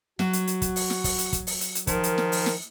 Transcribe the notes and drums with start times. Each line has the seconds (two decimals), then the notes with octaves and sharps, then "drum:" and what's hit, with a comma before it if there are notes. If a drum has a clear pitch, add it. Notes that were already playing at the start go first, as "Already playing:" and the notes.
0.19 F#3 F#4, drum: snare
0.33 drum: hi-hat
0.47 drum: hi-hat
0.62 drum: kick, hi-hat
0.76 drum: open hi-hat
0.90 drum: snare
1.04 drum: kick, open hi-hat
1.18 drum: hi-hat
1.33 drum: kick, hi-hat
1.47 drum: open hi-hat
1.61 drum: hi-hat
1.75 drum: hi-hat
1.87 D#3 F3 A#4, drum: kick, hi-hat
2.04 drum: hi-hat
2.18 drum: snare
2.32 drum: open hi-hat
2.46 drum: snare